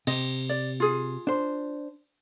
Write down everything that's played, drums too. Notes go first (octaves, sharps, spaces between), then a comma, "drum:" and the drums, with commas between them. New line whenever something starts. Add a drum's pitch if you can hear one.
C3 D#5, drum: cymbal
D5
F4 G#4
D4 C5